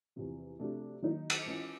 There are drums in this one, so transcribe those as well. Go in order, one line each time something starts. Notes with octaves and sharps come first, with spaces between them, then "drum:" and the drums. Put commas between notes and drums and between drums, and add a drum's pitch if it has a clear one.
E2 C3 F3
C3 F3 A3 D4 F#4
D#3 F#3 A#3 D#4
drum: cymbal
E3 G#3 C#4 F4